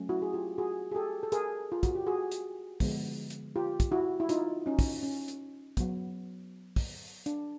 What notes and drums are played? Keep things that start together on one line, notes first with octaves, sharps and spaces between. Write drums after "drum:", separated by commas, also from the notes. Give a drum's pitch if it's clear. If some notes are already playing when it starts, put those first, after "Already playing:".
Already playing: F#3 A3 C#4
E4 F#4
G#4
F4 G4
F#4 G#4
G#4
G4 A4
A4
G#4 A#4, drum: hi-hat
F4
F#4, drum: kick, hi-hat
G4
F#4 G#4
drum: hi-hat
D3 F3 G#3 B3, drum: kick, open hi-hat
drum: hi-hat
F4 G4
drum: kick, hi-hat
E4 F#4
E4
D#4 F4, drum: hi-hat
C#4 D#4
drum: kick, open hi-hat
C#4
drum: hi-hat
F#3 B3, drum: kick, hi-hat
drum: kick, open hi-hat
D4, drum: hi-hat